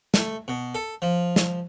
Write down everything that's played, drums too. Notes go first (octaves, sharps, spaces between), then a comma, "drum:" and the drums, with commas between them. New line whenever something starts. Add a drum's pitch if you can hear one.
A3, drum: snare
B2
A4
F3
drum: snare